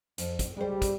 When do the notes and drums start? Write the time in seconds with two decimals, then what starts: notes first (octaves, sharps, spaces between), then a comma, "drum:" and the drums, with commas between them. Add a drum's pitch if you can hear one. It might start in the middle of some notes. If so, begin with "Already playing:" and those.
0.18 F2, drum: hi-hat
0.39 drum: kick, hi-hat
0.57 G3 G#3 C5
0.82 drum: kick, hi-hat